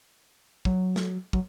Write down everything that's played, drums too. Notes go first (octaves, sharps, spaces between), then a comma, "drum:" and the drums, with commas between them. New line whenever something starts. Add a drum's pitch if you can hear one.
F#3, drum: kick
drum: snare
F#3, drum: kick